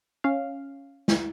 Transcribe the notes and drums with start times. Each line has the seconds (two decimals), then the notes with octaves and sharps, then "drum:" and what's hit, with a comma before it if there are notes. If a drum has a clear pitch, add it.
0.24 C#4 F5
1.08 drum: snare